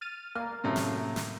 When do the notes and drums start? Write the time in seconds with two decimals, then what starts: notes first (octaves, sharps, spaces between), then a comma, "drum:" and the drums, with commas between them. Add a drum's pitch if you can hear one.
0.01 F6 A6 D#7
0.35 A#3 F6
0.64 F#2 A2 C3
0.76 drum: snare
1.16 drum: snare